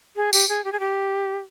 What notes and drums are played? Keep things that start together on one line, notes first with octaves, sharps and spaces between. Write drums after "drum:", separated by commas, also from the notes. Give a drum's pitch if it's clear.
G#4
G4, drum: tambourine
G#4
G4
G#4
G4